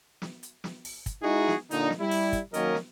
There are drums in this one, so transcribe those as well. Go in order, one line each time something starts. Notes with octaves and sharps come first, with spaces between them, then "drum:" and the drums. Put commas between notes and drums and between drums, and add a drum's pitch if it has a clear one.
drum: snare
drum: hi-hat
drum: snare
drum: open hi-hat
drum: kick, hi-hat
G#3 D#4 E4 F#4 G#4
drum: snare
A#2 D3 D4 D#4, drum: hi-hat
drum: snare
G3 E4
drum: open hi-hat
drum: kick, hi-hat
D#3 F#3 A#3 C#4 A#4 D#5, drum: hi-hat
drum: snare